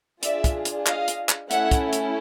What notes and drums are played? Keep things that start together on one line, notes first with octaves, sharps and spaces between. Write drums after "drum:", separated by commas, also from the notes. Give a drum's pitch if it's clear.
D4 F4 G#4 D5 E5, drum: hi-hat
drum: kick, hi-hat
drum: hi-hat
D#5 F5, drum: clap
drum: hi-hat
drum: clap
A3 C#4 E4 E5 F#5, drum: hi-hat
drum: kick, hi-hat
drum: hi-hat